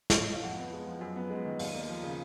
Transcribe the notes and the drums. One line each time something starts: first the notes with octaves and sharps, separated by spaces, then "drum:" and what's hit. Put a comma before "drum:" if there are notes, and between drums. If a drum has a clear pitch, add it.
C#5, drum: snare
D#5
F5
F2 F#5
B3
G#3
F3
F#2
B3
G#3
D#3
D#2 F5, drum: open hi-hat
A#3
F3
C#3